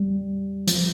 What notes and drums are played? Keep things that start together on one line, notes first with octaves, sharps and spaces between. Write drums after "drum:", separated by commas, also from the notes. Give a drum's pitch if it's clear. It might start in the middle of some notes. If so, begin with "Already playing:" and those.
Already playing: G3
F3, drum: hi-hat